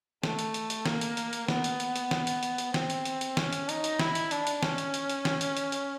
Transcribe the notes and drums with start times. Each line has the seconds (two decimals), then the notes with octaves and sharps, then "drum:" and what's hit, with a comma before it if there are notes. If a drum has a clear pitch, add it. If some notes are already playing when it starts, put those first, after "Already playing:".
0.23 A3, drum: snare
0.39 drum: hi-hat
0.54 drum: hi-hat
0.70 drum: hi-hat
0.86 A#3, drum: snare
1.01 drum: hi-hat
1.17 drum: hi-hat
1.33 drum: hi-hat
1.48 B3, drum: snare
1.64 drum: hi-hat
1.80 drum: hi-hat
1.96 drum: hi-hat
2.11 drum: snare
2.27 drum: hi-hat
2.43 drum: hi-hat
2.58 drum: hi-hat
2.74 C4, drum: snare
2.90 drum: hi-hat
3.05 drum: hi-hat
3.21 drum: hi-hat
3.37 C#4, drum: snare
3.53 drum: hi-hat
3.69 D#4, drum: hi-hat
3.84 drum: hi-hat
3.99 E4, drum: snare
4.15 drum: hi-hat
4.31 D4, drum: hi-hat
4.47 drum: hi-hat
4.63 C#4, drum: snare
4.78 drum: hi-hat
4.94 drum: hi-hat
5.09 drum: hi-hat
5.25 drum: snare
5.41 drum: hi-hat
5.57 drum: hi-hat
5.72 drum: hi-hat